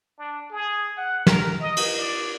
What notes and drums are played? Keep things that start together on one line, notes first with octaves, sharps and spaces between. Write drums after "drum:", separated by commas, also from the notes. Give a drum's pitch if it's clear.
D4
G#4
F#5
A#4, drum: snare
D#5
drum: cymbal
D5